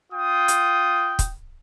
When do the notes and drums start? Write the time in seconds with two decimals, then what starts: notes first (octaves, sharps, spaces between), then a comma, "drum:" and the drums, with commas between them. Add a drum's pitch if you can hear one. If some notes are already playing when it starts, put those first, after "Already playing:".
0.13 F4 G5 D#6
0.48 drum: hi-hat
1.19 drum: kick, hi-hat